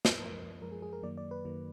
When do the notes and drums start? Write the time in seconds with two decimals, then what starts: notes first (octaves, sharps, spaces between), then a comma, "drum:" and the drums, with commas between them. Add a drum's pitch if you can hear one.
0.05 drum: snare
0.19 F#2 F3 G#3 A#4
0.61 F#2 F3 G#3 A#4
0.72 G#4
0.82 G#4
0.93 A#4
1.03 F#2 D#3 F#3 A#3 D5
1.17 D5
1.31 B4
1.45 F#2 D#3 F#3 A#3